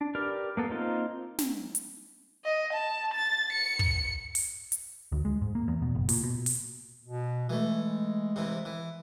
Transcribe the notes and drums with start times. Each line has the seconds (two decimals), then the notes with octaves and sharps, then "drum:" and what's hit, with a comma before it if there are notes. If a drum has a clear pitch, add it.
0.01 D4
0.15 G4 A#4 B4 D5 F6
0.57 A#3 B3 A4
0.71 A#3 C4 D#4 F4
1.38 drum: snare
1.75 drum: hi-hat
2.44 D#5
2.73 A5
3.14 A6
3.52 C#7
3.79 drum: kick
4.35 drum: open hi-hat
4.72 drum: hi-hat
5.12 D2
5.25 G#3
5.42 G#2
5.55 A#3
5.68 E2
5.82 B2
5.95 F#1
6.09 A#2, drum: open hi-hat
6.23 B2
6.46 drum: open hi-hat
7.05 B2
7.50 E3 G#3 A3
8.36 C3 E3
8.65 E3